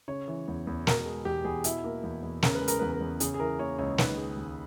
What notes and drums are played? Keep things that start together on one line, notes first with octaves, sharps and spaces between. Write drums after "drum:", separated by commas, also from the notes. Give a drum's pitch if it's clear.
C#3 C#5
E3
E2
E2
B2 A#4, drum: snare
G#3
E2 G4
E2 G#4
B2 E4, drum: hi-hat
A#3
E2
E2
C#3 A#4, drum: snare
B4
G#3
A#4, drum: hi-hat
E2 B4
A#4
E2
C#3 G#4, drum: hi-hat
G#4
E3 A#4
A#3 C#5
C#2 C#5
D#3 B4, drum: snare
G#3
D#2